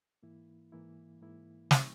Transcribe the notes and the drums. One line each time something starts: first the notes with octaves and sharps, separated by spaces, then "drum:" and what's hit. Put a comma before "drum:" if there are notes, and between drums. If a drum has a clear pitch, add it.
G#2 E3 A#3 E4
G#2 E3 A#3 E4
G#2 E3 A#3 E4
E3 A#3 E4, drum: snare